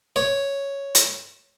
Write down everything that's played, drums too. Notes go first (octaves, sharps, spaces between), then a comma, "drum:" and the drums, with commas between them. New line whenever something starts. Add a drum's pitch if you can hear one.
C#5
drum: hi-hat